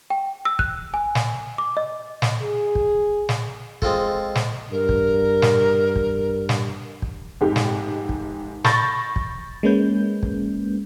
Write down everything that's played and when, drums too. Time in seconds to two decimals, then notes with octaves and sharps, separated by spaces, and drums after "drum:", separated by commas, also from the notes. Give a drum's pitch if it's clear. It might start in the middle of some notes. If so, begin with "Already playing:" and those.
0.10 G5
0.45 E6
0.59 F#6, drum: kick
0.94 G#5
1.15 drum: snare
1.58 D6
1.77 D#5
2.22 drum: snare
2.42 G#4
2.75 drum: kick
3.29 drum: snare
3.82 G#3 C4 F4 A4, drum: kick
4.35 drum: snare
4.71 G2 A#4
4.89 drum: kick
5.42 drum: snare
5.96 drum: kick
6.49 drum: snare
7.02 drum: kick
7.41 F1 G#2 G4
7.56 drum: snare
8.09 drum: kick
8.64 B5 C#6 G6 A6 A#6, drum: snare
9.16 drum: kick
9.63 G#3 A#3 C#4 B4 G6
10.23 drum: kick